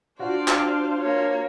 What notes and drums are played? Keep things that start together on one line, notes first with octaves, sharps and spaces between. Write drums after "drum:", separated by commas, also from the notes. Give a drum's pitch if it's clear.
D4 F4 F#4 C5 D5 F5
drum: clap
A#3 C#5